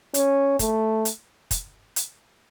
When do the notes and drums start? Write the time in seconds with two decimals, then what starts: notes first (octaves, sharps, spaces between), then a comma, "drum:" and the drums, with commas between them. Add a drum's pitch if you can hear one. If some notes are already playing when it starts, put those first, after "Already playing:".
0.14 C#4, drum: hi-hat
0.59 A3, drum: kick, hi-hat
1.05 drum: hi-hat
1.51 drum: kick, hi-hat
1.96 drum: hi-hat